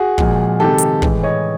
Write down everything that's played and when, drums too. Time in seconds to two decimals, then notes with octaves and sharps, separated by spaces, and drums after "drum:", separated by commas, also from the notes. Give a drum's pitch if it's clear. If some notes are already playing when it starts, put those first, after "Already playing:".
Already playing: F#4 G#4
0.18 A#2 F3 G#3, drum: kick
0.60 C3 D#3 G#3 G4 A4
0.78 drum: hi-hat
1.02 A2 E3 G#3, drum: kick
1.23 C#5 D#5